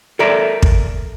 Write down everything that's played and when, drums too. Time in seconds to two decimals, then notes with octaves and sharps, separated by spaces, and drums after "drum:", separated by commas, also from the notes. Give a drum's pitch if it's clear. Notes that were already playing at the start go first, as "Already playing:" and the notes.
0.19 A4 A#4 D5 E5 A#5
0.62 drum: kick